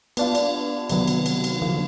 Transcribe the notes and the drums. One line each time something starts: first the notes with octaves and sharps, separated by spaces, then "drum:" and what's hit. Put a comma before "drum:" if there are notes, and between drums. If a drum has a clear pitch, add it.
B3 D4 F4, drum: cymbal
drum: cymbal
C3 D#3 F#3 B3, drum: cymbal
drum: cymbal
drum: cymbal
drum: cymbal
D3 F3 A#3